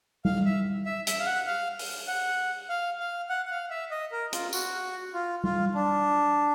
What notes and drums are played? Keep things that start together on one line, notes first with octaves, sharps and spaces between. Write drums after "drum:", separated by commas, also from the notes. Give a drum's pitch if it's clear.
F5, drum: tom G3
E5
E5
E5, drum: hi-hat
F5
F#5
F5
drum: open hi-hat
F#5
F5
F5
F#5
F#5
F5
E5
D#5
A#4
F4, drum: hi-hat
F#4, drum: tambourine
F4
F4, drum: tom G3
D4